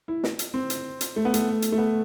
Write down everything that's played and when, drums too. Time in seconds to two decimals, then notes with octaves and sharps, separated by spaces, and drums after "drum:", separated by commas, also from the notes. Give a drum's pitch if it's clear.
0.08 E4
0.24 drum: snare
0.39 drum: hi-hat
0.54 C4
0.70 drum: hi-hat
1.01 drum: hi-hat
1.16 A3
1.25 B3
1.34 A3, drum: hi-hat
1.62 drum: hi-hat
1.72 A3
1.78 B3